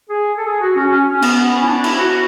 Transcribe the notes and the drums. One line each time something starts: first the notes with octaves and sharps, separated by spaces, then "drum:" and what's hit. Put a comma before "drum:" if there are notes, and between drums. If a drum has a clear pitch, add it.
G#4
A4
G#4
F#4
C#4
C#4
C#4
B3, drum: cymbal
C#4
E4
D4
E4, drum: cymbal
F#4